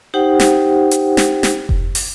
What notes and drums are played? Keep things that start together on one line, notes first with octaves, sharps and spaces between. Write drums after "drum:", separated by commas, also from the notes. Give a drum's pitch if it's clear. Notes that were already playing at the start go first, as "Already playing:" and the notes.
D#4 G4 C5 F#5 G5
drum: snare
drum: hi-hat
drum: snare
drum: snare
drum: kick F1
drum: open hi-hat